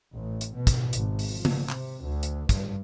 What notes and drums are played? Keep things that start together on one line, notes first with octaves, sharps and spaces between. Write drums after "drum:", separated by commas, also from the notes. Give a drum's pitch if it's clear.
A1
drum: hi-hat
B2
drum: kick, hi-hat
G#1, drum: hi-hat
drum: open hi-hat
F3
drum: tom
C3, drum: clap
D2
drum: hi-hat
G2, drum: kick, hi-hat